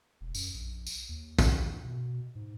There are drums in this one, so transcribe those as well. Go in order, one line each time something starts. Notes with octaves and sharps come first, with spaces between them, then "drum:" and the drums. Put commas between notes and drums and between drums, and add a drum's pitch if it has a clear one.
E1
F#2, drum: tambourine
A#1
drum: tambourine
D#2
drum: kick, tambourine
G2
B2
G#2